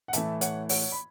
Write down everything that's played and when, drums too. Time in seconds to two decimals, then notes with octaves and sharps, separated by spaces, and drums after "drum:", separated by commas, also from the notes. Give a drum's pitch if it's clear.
0.08 F#5
0.13 A2 E3 A3 E5 A5, drum: hi-hat
0.41 C#5 F#5, drum: hi-hat
0.69 C#5 F#5, drum: open hi-hat
0.92 B5